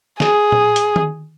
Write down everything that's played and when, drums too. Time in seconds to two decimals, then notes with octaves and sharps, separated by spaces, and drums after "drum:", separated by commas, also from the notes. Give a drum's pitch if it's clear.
0.20 G#4, drum: snare
0.52 drum: tom A#2
0.76 drum: hi-hat
0.96 drum: tom D#3